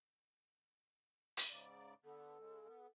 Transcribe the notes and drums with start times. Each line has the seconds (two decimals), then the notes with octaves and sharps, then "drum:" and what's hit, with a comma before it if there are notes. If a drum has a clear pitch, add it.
1.37 drum: hi-hat
1.50 G#2 C#3 D5
2.04 D3 B3 A4
2.40 C#3 G#3
2.68 B3